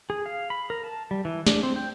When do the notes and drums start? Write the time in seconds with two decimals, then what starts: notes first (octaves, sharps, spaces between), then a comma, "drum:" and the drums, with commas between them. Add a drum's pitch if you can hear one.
0.10 G#4
0.26 F5
0.50 B5
0.70 A#4
0.84 A5
1.11 G3
1.25 E3
1.47 D4, drum: snare
1.63 C4
1.76 G5